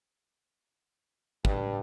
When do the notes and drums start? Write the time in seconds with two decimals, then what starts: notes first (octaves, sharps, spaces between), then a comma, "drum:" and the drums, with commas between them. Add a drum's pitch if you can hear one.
1.45 G2, drum: kick